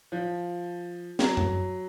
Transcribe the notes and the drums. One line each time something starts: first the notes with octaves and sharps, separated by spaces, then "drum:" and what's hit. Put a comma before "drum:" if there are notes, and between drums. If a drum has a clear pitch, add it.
F3
F#3, drum: snare
drum: tom F#2